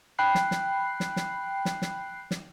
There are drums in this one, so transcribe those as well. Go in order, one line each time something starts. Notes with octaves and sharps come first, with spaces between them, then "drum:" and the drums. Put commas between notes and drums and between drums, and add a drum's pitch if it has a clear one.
G5 B5 F#6 C7
drum: snare
drum: snare
drum: snare
drum: snare
drum: snare
drum: snare
drum: snare